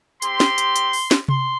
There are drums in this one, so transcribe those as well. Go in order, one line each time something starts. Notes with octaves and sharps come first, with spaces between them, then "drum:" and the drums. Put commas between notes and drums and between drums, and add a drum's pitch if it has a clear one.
C4 G4 C6, drum: hi-hat
drum: snare
drum: hi-hat
drum: hi-hat
drum: open hi-hat
drum: snare
C6, drum: tom C3